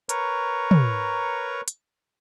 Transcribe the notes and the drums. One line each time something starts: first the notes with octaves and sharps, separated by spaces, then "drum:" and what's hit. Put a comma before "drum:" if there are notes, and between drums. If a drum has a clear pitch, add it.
A#4 B4 C#5 A#5 C#6, drum: hi-hat
drum: tom
drum: hi-hat